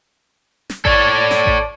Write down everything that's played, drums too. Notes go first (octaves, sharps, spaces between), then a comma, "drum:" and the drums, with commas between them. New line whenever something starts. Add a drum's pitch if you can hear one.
drum: snare
A4 C#5 D5, drum: kick A1
drum: snare
drum: kick A1